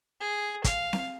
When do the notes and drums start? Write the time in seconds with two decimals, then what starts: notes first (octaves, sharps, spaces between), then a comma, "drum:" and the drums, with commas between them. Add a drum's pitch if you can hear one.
0.21 G#4
0.64 F5, drum: kick, hi-hat
0.93 drum: snare C4